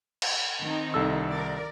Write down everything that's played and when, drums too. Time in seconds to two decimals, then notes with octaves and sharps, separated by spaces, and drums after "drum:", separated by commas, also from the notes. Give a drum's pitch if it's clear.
0.22 drum: cymbal
0.62 D#3 C4 D#4
0.94 C2 A4 E6
1.32 A#4 D5